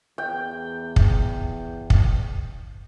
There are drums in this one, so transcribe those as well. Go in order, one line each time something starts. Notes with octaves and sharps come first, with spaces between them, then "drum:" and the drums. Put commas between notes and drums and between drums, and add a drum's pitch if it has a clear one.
E2 G5
drum: kick
drum: kick